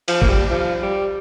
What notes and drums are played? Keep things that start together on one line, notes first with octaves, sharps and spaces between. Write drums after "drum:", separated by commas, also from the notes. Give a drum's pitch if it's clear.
F3, drum: cymbal
A#3, drum: kick A1
G3
F3
G3